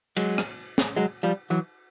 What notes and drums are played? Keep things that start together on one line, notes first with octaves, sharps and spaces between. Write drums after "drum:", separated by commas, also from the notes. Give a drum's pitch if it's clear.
F#3 G#3, drum: cymbal
drum: rim click
drum: snare
F#3 G#3
F3 G3
E3 F#3